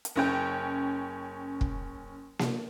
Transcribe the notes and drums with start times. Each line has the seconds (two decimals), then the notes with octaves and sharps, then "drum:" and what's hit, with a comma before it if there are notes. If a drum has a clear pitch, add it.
0.05 drum: hi-hat
0.16 F#1 C#4 G5
1.61 drum: kick
2.39 drum: snare A#3